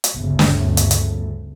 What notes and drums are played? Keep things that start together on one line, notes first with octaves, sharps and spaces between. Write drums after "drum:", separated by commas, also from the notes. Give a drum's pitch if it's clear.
drum: hi-hat
G1 D2 C#3 A3
drum: snare
drum: hi-hat
drum: hi-hat